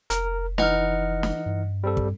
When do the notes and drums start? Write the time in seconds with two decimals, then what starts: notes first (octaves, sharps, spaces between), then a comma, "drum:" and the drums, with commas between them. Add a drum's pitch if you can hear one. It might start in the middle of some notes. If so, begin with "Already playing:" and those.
0.10 F1 A#4, drum: hi-hat
0.58 E3 D#4 D#5 F#5 F6, drum: snare
1.23 drum: snare
1.46 G2
1.84 G3 C4 A4
1.97 drum: kick